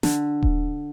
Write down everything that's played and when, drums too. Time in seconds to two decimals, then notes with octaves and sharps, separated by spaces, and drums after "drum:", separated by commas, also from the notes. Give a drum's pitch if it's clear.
0.03 D3, drum: snare
0.43 drum: kick D#1